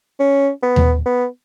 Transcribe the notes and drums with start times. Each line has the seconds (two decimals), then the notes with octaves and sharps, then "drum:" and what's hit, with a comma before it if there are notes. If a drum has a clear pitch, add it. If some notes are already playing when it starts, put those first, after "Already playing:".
0.20 C#4
0.62 B3
0.76 drum: tom D#2
1.06 B3